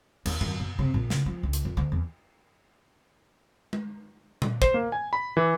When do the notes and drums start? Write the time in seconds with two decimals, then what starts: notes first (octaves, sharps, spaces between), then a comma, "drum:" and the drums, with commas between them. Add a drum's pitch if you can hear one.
0.26 D#2, drum: cymbal
0.41 F#2, drum: tom F#2
0.60 B2
0.79 C3
0.94 A#1
1.10 C#3, drum: snare
1.26 F3
1.43 C#2
1.53 drum: hi-hat
1.65 F2
1.77 D2
1.92 E2
3.73 drum: tom G#3
4.42 drum: tom A#2
4.62 C5, drum: kick
4.74 A#3
4.92 G#5
5.13 B5
5.37 E3